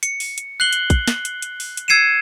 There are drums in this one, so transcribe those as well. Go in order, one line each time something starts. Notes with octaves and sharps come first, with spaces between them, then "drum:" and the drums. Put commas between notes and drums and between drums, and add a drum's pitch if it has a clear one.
C#7, drum: hi-hat
drum: open hi-hat
drum: hi-hat
F#6 C7 F#7 G7
drum: hi-hat
drum: kick, hi-hat
drum: snare
drum: hi-hat
drum: hi-hat
drum: open hi-hat
drum: hi-hat
E6 G#6 C7 C#7 D#7 E7